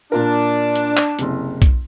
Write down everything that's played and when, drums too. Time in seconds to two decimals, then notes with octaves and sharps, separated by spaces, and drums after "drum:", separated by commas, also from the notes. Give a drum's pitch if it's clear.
0.12 A#2 D4 F4 A#4
0.76 drum: hi-hat
0.97 drum: clap
1.19 F#1 C2, drum: hi-hat
1.62 drum: kick, hi-hat